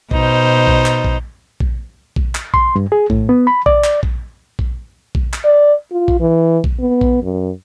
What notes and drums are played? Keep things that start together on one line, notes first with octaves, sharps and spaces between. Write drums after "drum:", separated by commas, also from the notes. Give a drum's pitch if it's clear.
B2 D#4 C5, drum: kick A#1
drum: kick A#1
drum: clap
drum: kick A#1
drum: kick A#1
drum: kick A#1
drum: clap
C6, drum: kick A#1
G2
G#4
A2, drum: kick A#1
B3
B5
D5, drum: kick A#1
drum: clap
drum: kick A#1
drum: kick A#1
drum: kick A#1
drum: clap
D5
F4
drum: kick A#1
E3
drum: kick A#1
B3
drum: kick A#1
F#2